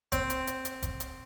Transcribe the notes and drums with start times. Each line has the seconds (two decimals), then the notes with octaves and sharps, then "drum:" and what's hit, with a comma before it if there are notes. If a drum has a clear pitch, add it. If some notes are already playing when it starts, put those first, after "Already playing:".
0.12 C4, drum: kick F1, hi-hat
0.30 drum: hi-hat
0.47 drum: hi-hat
0.65 drum: hi-hat
0.82 drum: kick F1, hi-hat
1.00 drum: hi-hat